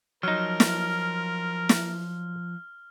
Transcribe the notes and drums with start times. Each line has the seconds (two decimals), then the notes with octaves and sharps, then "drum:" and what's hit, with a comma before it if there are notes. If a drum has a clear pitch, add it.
0.23 F3 F#3 D#4 A#4 F6
0.60 drum: snare
1.69 drum: snare